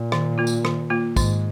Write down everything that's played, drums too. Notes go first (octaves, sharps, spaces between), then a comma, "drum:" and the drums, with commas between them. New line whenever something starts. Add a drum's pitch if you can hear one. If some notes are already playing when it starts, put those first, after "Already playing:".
Already playing: A#2
D#3, drum: rim click
A#3 F4
drum: tambourine
D#3, drum: rim click
A#3 F4
G#2 D#3, drum: kick, tambourine